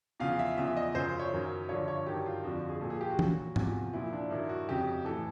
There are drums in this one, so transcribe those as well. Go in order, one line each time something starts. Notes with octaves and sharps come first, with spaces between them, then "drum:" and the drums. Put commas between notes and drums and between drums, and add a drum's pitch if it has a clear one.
E2 C#3 F3 F5
E5
E2 C#3 F3 E5
D#5
F#2 C#3 F3 C5
C#5
F#2 D#3 F#3
G2 D3 F3 C#5
C#5
G2 D#3 F#3 G4
F4
F2 D3 F3 F#4
G#4
A#2 F3 A4
G#4
G4
F#4
A#2 F#3, drum: tom E3
E2 C3 F3, drum: tom G#2
A#2 F3 E4
D4
G2 D#3 F#3 E4
F#4
F2 C#3 F#3 G4
A2 E3 A4